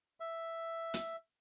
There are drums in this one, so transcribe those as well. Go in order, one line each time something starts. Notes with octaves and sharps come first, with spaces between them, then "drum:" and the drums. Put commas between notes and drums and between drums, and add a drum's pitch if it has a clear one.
E5
drum: hi-hat